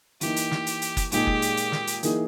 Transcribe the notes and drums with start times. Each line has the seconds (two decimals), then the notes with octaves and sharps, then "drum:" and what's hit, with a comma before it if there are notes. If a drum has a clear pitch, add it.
0.21 E3 A#3 D#4 G4, drum: hi-hat
0.36 drum: hi-hat
0.51 drum: snare
0.67 drum: hi-hat
0.82 drum: hi-hat
0.97 drum: kick F#1, hi-hat
1.12 A#2 G#3 D#4 G4 G#4, drum: hi-hat
1.27 drum: kick F#1
1.42 drum: hi-hat
1.57 drum: hi-hat
1.72 drum: snare
1.87 drum: hi-hat
2.03 E3 A#3 D#4 G#4, drum: hi-hat